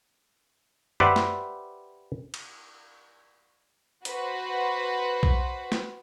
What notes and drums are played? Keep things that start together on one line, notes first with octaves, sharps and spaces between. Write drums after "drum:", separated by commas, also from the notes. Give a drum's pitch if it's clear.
G4 B4 C5 D5 E5 F#5, drum: tom F#2
drum: snare
drum: cymbal
F#4 B4 C5, drum: hi-hat
drum: kick B1
drum: snare